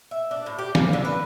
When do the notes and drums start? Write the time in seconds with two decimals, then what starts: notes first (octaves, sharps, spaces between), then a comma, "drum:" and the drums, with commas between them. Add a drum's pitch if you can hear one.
0.11 E5
0.31 D4
0.46 A2
0.58 G4
0.75 A#3, drum: snare
0.93 D3
1.05 B4